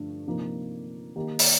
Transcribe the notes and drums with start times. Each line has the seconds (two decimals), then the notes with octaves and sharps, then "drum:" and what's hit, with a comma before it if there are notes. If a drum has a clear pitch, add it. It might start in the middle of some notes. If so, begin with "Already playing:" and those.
Already playing: G2 D3 F3 A3 D4
0.27 C3 F3 A#3 D#4
1.15 D#3 A#3 D#4 G4
1.39 drum: open hi-hat